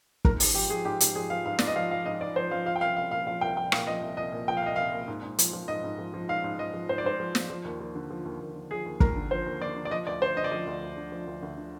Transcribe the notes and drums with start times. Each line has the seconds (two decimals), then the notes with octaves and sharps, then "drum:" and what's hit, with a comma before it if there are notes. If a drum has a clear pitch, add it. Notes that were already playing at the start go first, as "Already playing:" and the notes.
0.25 G#2 A#4, drum: kick
0.40 G#2, drum: open hi-hat
0.54 F3 G4
0.70 F3 G#4
0.85 G#2 G4
1.00 G#2 G4, drum: hi-hat
1.15 F3 G#4
1.30 F3 F5
1.46 G#2 F5
1.59 G#2 D5, drum: snare
1.67 D#5
1.76 F3 F5
1.91 F3 F5
2.06 G#2 D#5
2.21 G#2 D5
2.36 F3 C5
2.51 F3 F5
2.66 F3 F5
2.76 G5
2.81 C2 F5
2.96 C2 F5
3.11 A#2 F5
3.27 F3 F5
3.41 C2 G5
3.57 C2 G5
3.72 A#2 F5, drum: rim click
3.87 F3 D#5
4.02 C2
4.17 C2 D#5
4.32 A#2
4.48 F3 G5
4.57 F5
4.62 C2 D#5
4.76 C2 F5
4.93 A#2
5.08 G#2
5.23 G#2
5.39 F3, drum: hi-hat
5.53 F3
5.68 G#2 D#5
5.84 G#2
5.99 F3
6.14 F3
6.29 G#2 F5
6.44 G#2
6.59 F3 D#5
6.74 F3
6.89 G#2 C5
6.98 D5
7.04 G#2 C5
7.20 F3
7.35 F3, drum: snare
7.50 F3
7.65 D#2
7.80 D#2
7.95 D3
8.10 F3
8.25 D#2
8.40 D#2
8.55 D3
8.71 F3 G#4
8.86 D#2
9.00 D#2 A#4, drum: kick
9.16 D3
9.31 F3 C5
9.46 D#2
9.61 D#2 D5
9.76 D3
9.85 D5
9.91 F3 D#5
10.07 D2 D5
10.22 D2 C5
10.37 D3 D#5
10.44 D5
10.52 F3 D#5
10.67 D2
10.82 D2
10.97 D3
11.12 F3
11.27 D2
11.43 D2
11.58 D3